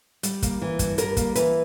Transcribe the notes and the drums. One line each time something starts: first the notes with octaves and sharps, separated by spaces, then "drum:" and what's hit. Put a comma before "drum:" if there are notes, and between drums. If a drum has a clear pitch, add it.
G3, drum: hi-hat
A#3, drum: kick, hi-hat
E3
G2, drum: kick, hi-hat
G3 A#4, drum: hi-hat
A#3, drum: kick, hi-hat
E3 B4, drum: hi-hat